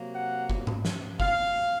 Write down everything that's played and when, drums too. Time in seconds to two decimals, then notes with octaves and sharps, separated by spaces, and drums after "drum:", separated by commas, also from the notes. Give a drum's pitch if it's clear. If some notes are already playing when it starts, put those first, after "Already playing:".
Already playing: C3 F#3 A#3
0.14 F#5
0.50 drum: kick F#1
0.67 drum: tom G#2
0.85 drum: snare
1.20 F5, drum: kick F#1